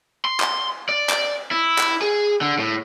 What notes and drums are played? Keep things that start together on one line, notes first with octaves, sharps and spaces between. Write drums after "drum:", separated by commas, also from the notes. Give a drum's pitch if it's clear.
C6
drum: clap
D5
drum: clap
E4
drum: clap
G#4
D3
A2